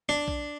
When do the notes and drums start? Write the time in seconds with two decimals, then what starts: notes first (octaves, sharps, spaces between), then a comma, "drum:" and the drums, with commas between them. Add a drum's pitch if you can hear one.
0.09 D4
0.28 drum: kick B1